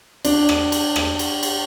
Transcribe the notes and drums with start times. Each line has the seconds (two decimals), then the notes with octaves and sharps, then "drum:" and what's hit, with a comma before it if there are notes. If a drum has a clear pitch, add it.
0.25 D4, drum: cymbal
0.49 drum: rim click
0.72 drum: cymbal
0.96 drum: rim click
1.19 drum: cymbal
1.43 drum: cymbal